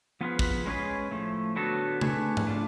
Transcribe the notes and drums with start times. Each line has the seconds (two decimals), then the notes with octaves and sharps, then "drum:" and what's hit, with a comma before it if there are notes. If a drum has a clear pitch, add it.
0.21 F3 B3 F4 G#4 B4
0.39 drum: kick
0.66 G#3 C#4 G#4 B4
1.11 A2 F3 A3
1.56 D3 F#3 B3 F#4 A4
2.01 A3 D4 G#4 B4, drum: tom C#3
2.37 drum: tom G#2
2.47 A3 D4 F4